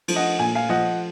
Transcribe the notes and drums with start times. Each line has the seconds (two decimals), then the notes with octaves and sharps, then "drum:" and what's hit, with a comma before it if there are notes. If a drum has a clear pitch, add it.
0.08 F3, drum: cymbal
0.16 D#5 F#5
0.39 A#2 G#5
0.55 F5 G#5
0.69 F3 D#5 F#5